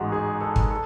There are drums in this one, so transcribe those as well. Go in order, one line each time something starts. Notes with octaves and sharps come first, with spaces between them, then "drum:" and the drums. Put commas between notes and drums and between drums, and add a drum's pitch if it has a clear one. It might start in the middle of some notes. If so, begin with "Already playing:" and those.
Already playing: A1 G#2 F#4 G#4
G#4
A4
drum: kick
A4